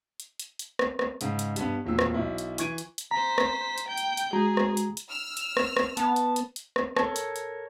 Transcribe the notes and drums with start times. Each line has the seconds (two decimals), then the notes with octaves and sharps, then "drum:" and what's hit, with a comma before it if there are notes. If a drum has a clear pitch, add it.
0.20 drum: hi-hat
0.40 drum: hi-hat
0.59 drum: hi-hat
0.79 drum: rim click
0.99 drum: rim click
1.21 G#2 C#3, drum: hi-hat
1.39 drum: hi-hat
1.56 G2 B3, drum: hi-hat
1.85 E1 A#2 E6
1.99 drum: rim click
2.14 B1 E4
2.38 drum: hi-hat
2.58 E3 C#6 G#6 D7 D#7, drum: hi-hat
2.78 drum: hi-hat
2.98 drum: hi-hat
3.11 C5 A#5 B6
3.38 drum: rim click
3.78 drum: hi-hat
3.88 G5 G6
3.98 drum: hi-hat
4.17 drum: hi-hat
4.33 G#3 F#4 G#4 A#5
4.57 drum: rim click
4.77 drum: hi-hat
4.97 drum: hi-hat
5.09 E6 F6
5.37 drum: hi-hat
5.57 drum: rim click
5.77 drum: rim click
5.97 B3 A5, drum: hi-hat
6.16 drum: hi-hat
6.36 drum: hi-hat
6.56 drum: hi-hat
6.76 drum: rim click
6.97 A4 A#4 C#5 A5, drum: rim click
7.16 drum: hi-hat
7.36 drum: hi-hat